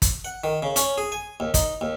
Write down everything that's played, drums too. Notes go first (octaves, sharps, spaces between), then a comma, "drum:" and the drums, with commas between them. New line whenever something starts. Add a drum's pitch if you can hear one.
drum: kick, hi-hat
F#5
D#3
C#3
C#4, drum: hi-hat
G#4
G#5
D#2
D#4, drum: kick, hi-hat
D#2